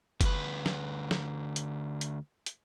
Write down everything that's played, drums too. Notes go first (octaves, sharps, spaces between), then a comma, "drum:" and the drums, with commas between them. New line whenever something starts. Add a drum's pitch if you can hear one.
D2 B4, drum: kick F#1, hi-hat
drum: snare
drum: snare
drum: hi-hat
drum: hi-hat
drum: hi-hat